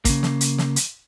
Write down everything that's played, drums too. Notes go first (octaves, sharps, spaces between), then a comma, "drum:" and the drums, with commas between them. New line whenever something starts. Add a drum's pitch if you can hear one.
C#3 A#3, drum: kick, hi-hat
drum: snare
drum: hi-hat
drum: snare
drum: hi-hat